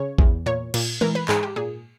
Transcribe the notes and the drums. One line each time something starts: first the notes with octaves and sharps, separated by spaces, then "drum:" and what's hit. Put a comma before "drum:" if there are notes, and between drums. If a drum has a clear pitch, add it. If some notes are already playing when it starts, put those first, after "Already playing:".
Already playing: C#3 C#5
E2, drum: kick A1
A#2 C#5
A#2, drum: cymbal
E3 A#4, drum: tom G#3
B4
G#2 G#4, drum: clap
G4
A#2 G#4